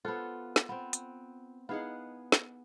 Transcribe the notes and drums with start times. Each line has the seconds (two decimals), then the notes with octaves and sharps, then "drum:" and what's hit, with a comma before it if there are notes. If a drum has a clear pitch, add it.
0.05 B3 F4 A4 C5 F#5
0.56 drum: snare
0.69 B3 C4
0.93 drum: hi-hat
1.69 B3 D#4 E4 G#4 F5 F#5
2.32 drum: snare